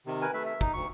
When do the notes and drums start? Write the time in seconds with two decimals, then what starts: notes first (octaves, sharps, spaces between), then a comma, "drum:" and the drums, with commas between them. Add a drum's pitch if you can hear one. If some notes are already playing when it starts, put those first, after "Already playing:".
0.07 C3 D#3
0.22 A#4 B4 G#5
0.34 A3 B4 E5
0.46 E5
0.61 D#4, drum: kick, hi-hat
0.73 D2 C#6